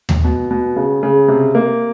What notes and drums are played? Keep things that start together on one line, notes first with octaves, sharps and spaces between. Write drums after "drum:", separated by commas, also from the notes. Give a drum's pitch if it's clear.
drum: tom D#2
B2
B2
C#3
C#3
C3
A#3